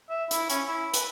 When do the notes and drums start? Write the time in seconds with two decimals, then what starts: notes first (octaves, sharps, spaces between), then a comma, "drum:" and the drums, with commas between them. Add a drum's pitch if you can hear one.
0.10 E5
0.31 E4, drum: hi-hat
0.49 C#4, drum: hi-hat
0.68 E4
0.93 B4, drum: hi-hat